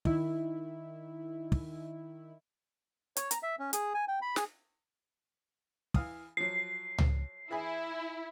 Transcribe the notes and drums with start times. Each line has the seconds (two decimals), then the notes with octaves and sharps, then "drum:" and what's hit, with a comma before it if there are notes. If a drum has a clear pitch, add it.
0.05 D#3 E4, drum: kick
1.52 drum: kick
3.17 C#5, drum: hi-hat
3.31 A#5, drum: hi-hat
3.43 E5
3.59 C#4
3.73 G#4, drum: hi-hat
3.94 G#5
4.08 G5
4.22 B5
4.36 G#4, drum: snare
5.94 E3 F5 D#6, drum: kick
6.37 F3 F#3 C7
6.98 drum: tom C#2
7.51 E3 E4 G#4 B5